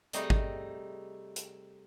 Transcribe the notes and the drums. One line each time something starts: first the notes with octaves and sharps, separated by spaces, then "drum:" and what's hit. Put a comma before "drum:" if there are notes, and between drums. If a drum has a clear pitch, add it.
C3 G3 A3 D#4 G#4 D#5, drum: hi-hat
drum: kick
drum: hi-hat